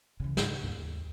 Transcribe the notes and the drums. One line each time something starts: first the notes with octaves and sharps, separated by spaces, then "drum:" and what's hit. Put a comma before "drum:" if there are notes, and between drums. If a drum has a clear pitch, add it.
C#3 E3
G#2, drum: snare
D#2